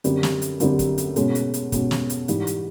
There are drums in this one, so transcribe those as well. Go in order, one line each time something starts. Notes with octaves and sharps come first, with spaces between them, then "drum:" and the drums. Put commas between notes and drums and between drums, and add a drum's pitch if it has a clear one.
F#2 D3 G3 C4, drum: hi-hat
drum: snare
drum: hi-hat
F#2 D3 G3 C4, drum: hi-hat
drum: kick, hi-hat
drum: hi-hat
B2 G#3 C#4, drum: hi-hat
drum: hi-hat
drum: hi-hat
B2 G#3 C#4, drum: kick, hi-hat
drum: snare
drum: hi-hat
G#2 E3 G3, drum: hi-hat
drum: hi-hat